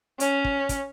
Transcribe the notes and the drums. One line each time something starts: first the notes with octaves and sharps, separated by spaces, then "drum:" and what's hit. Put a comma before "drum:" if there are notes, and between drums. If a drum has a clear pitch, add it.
C#4, drum: hi-hat
drum: kick
drum: kick, hi-hat